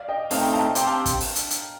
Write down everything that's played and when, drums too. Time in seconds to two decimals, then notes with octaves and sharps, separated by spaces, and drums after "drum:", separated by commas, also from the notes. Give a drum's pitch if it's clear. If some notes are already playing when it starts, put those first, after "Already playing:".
Already playing: D5 F5
0.08 D#5 G5
0.31 A3 C4 D#4 F5 A5, drum: open hi-hat
0.41 G5 A#5
0.53 F5 A5
0.64 G5 A#5
0.75 C4 G4 C5 G5 A#5, drum: hi-hat
0.86 F5 A5
1.06 drum: kick, hi-hat
1.21 drum: open hi-hat
1.36 drum: hi-hat
1.50 drum: hi-hat